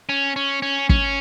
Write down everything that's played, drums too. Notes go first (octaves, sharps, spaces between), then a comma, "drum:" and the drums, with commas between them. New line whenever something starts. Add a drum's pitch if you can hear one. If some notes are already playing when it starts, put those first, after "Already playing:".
C#4
C#4
C#4
C#4, drum: kick